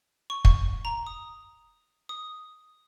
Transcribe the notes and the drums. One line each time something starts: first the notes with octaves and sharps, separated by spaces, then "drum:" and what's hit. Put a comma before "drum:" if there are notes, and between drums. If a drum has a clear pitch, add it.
C#6
C#6, drum: kick
A#5
D#6
D#6